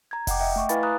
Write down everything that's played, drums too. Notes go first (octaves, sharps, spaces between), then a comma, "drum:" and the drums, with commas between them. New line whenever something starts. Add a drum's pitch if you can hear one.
A#5 G#6
D#5 F#5 G5 D6, drum: kick F1, open hi-hat
D#5 E5 G5
A3 C#6 D6
E4 B4 F5 G#5 B5 A6, drum: hi-hat
A#5 D#6 F#6